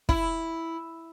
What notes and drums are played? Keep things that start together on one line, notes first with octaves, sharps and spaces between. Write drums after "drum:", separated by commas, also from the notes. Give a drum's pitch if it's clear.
E4, drum: kick